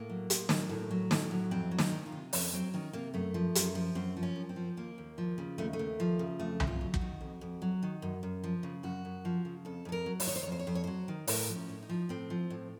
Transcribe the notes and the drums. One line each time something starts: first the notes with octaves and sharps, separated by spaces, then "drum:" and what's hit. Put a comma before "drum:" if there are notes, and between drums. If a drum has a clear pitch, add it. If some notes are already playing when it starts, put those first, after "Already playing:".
Already playing: A2 A#3
F#3
A2, drum: hi-hat
F#3, drum: snare
A2
F#3
A2, drum: snare
F#3
F2 C4
F#3
D#4, drum: snare
D#3
F4
C3
F2 C#4, drum: open hi-hat
F#3 C4
D#3 C#4
C3 A#3
F#2 A3
F3
F#2, drum: hi-hat
F3
F#2 C4
F3
C#4
F#2
C4
F3
D#2 A#3
D#2
F3
C#3
D#2 A3
A3
D#2
F3
C#3
F2 A3
F2, drum: tom C2
F4
F#3
F#4, drum: kick
D#3
F2
F2
F#3
D#3
F#2
F#2
F3
C#3
F#2 F#4
F#2
F3
C#3
F2 A4
F2 A4
A#4
F#3
C5, drum: open hi-hat
D#3 C#5
C5
C#5
F2
C5
C#5
F2 C5
C#5
F#3 C5
D#3
A2 A#4, drum: open hi-hat
F3
C#4
A2
D#4
F3
A2 C4
F3
A2